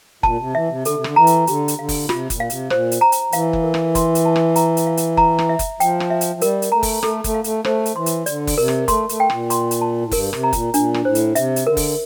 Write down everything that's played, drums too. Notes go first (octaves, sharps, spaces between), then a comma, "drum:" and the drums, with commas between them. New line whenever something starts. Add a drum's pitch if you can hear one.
A#2 A5, drum: kick F#1
C3
E3 E5
C3
D3 A4, drum: hi-hat
C3
D3, drum: rim click
E3 A#5
drum: hi-hat
D3 G4, drum: hi-hat
drum: hi-hat
D3 F5
drum: kick F#1, open hi-hat
A#2
C3 F4, drum: rim click
A#2, drum: kick F#1, hi-hat
F5
C3, drum: hi-hat
A#2 C5, drum: rim click
drum: hi-hat
A#5
drum: hi-hat
E3 F5, drum: hi-hat
drum: kick F#1
A#4
drum: rim click
C6, drum: kick F#1, hi-hat
drum: hi-hat
A5
drum: rim click
A#5, drum: hi-hat
drum: hi-hat
F5
drum: hi-hat
A#5, drum: kick F#1
drum: rim click
E5
drum: kick F#1, hi-hat
F3 G5, drum: hi-hat
drum: rim click
E5
drum: hi-hat
F3
G3 A#4, drum: hi-hat
drum: hi-hat
A3 A#5
drum: kick F#1, open hi-hat
A3 A4, drum: rim click
A3, drum: kick F#1, hi-hat
F5
A3, drum: hi-hat
A3 C5, drum: rim click
drum: hi-hat
E3 C6
drum: hi-hat
D3 D5, drum: hi-hat
drum: kick F#1, open hi-hat
C3 A#4
drum: rim click
A3 C6, drum: kick F#1, hi-hat
A3, drum: hi-hat
G5
A#2, drum: rim click
C6, drum: hi-hat
drum: hi-hat
A5
A2
G2 A#4, drum: kick F#1, open hi-hat
C3, drum: rim click
A#5
A#2, drum: kick F#1, hi-hat
A#2 D4, drum: hi-hat
drum: rim click
A2 C5
drum: hi-hat
C3 E5, drum: hi-hat
drum: hi-hat
D3 A#4
drum: kick F#1, open hi-hat